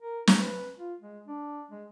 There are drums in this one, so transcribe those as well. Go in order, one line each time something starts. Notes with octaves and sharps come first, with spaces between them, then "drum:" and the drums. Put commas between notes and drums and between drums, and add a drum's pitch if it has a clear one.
A#4
D#4, drum: snare
B4
F4
G#3
D4
G#3